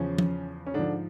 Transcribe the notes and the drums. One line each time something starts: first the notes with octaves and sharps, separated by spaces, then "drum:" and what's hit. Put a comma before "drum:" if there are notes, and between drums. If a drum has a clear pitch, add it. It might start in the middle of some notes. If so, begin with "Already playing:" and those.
Already playing: E2 C#3 F3 C#4
drum: tom F3
C#4
G#2 D3 F3 D4